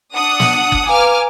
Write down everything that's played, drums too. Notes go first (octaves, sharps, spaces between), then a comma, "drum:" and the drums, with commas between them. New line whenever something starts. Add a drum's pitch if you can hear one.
D4 F#5 D#6
drum: snare
drum: kick
B4 F5 G#5 A#5 D6 F6